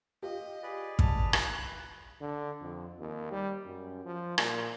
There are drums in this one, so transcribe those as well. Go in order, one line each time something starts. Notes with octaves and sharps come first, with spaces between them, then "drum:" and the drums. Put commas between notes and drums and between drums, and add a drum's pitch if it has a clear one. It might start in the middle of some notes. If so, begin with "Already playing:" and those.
F4 G4 D#5
G#4 B4 D5
A1 A5 F7, drum: kick
F#3 F#6, drum: rim click
D3
F2
D#2
G3
F#2
F3
A#2, drum: rim click